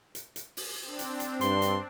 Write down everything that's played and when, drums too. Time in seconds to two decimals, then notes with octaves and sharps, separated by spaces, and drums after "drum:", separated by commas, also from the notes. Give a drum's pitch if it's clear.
0.15 drum: hi-hat
0.36 drum: hi-hat
0.57 drum: open hi-hat
0.83 C4 D4
0.99 drum: hi-hat
1.20 drum: hi-hat
1.41 G2 C6, drum: hi-hat
1.62 drum: hi-hat